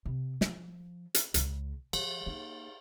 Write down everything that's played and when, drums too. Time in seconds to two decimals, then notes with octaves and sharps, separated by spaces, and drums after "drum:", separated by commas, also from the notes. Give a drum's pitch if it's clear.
0.06 C3
0.41 F3, drum: snare
1.14 drum: hi-hat
1.34 C#2 C#3, drum: hi-hat
1.93 F3, drum: cymbal
2.26 A#3 D#4